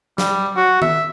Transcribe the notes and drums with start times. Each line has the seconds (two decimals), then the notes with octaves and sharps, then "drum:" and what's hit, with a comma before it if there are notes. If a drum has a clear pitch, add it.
0.18 G3, drum: snare
0.56 F#4
0.82 E5, drum: tom